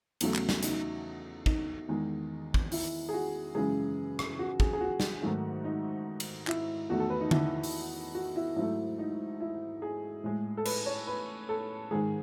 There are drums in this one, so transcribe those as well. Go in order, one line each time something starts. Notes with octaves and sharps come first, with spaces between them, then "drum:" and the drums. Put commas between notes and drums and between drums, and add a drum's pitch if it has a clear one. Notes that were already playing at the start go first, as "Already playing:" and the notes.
E2 C#3 F#3 A3, drum: cymbal
drum: clap
drum: snare
D#4, drum: hi-hat
D#4, drum: kick
E2 D#3 G#3
drum: kick
E4, drum: open hi-hat
G#4
F#4
F#2 C#3 E3 G#3 G#4
drum: rim click
F#4
G#4, drum: kick
G#4
F#4
drum: snare
G#2 D#3 F#3 A3
D#4
drum: cymbal
E4, drum: clap
E2 D#3 A3 F#4
A4
B4
D#4
E4, drum: tom D3
drum: open hi-hat
F#4
E4
G#2 F#3 A3 E4
D#4
E4
G#4
A2 G#3
A4
B4, drum: cymbal
C#5
B4
A4
G#2 D#3 G#3 G#4